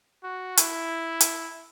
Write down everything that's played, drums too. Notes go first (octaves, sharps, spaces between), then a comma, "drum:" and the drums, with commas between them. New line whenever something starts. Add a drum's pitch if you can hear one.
F#4
E4, drum: hi-hat
drum: hi-hat